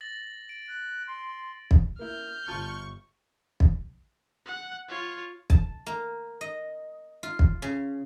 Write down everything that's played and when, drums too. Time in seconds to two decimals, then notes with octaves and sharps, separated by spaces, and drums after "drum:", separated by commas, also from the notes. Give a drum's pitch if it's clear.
0.01 A6 A#6 F#7
0.49 D7
0.68 F#6
1.07 C6
1.71 drum: kick
1.99 A#3 E4 F6 G6
2.48 G1 F4 A5 C#6
3.60 drum: kick
4.46 F#5
4.88 F4 C#5
5.50 A5, drum: kick
5.86 A#3
6.41 D#5
7.23 F4
7.39 drum: kick
7.62 C#3